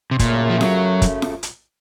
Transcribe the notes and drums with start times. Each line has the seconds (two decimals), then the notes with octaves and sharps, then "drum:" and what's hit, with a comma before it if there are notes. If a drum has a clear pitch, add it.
0.11 C3
0.19 F#2 A#2 C#3 A3, drum: kick, hi-hat
0.50 F3
0.61 F#3, drum: snare F4
1.02 drum: kick, hi-hat
1.22 drum: snare F4
1.43 drum: hi-hat